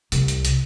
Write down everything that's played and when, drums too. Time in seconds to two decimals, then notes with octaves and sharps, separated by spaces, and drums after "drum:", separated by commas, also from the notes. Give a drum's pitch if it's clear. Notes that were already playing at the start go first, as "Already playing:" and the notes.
0.12 C2, drum: hi-hat
0.28 drum: hi-hat
0.45 drum: hi-hat